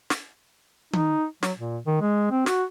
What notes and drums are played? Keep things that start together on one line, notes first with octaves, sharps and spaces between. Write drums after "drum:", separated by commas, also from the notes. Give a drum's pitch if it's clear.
drum: snare
D#4, drum: tom D#3
F#3, drum: snare
A#2
D#3
G#3
C4
F#4, drum: snare